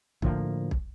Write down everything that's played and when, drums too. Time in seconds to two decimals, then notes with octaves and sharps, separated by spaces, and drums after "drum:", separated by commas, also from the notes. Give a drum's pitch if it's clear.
0.22 A2 D3 F3 A#3, drum: kick
0.71 drum: kick